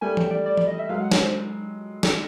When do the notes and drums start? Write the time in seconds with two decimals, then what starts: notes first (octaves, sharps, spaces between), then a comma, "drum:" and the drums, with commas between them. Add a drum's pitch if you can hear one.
0.01 G3 A3 G#5
0.17 G5, drum: tom E3
0.31 D5
0.46 D5
0.57 D5, drum: tom E3
0.67 D#5
0.79 E5
0.89 F#3 G#3 F5
1.01 F#5
1.11 C#5, drum: snare
1.23 C5
2.03 drum: snare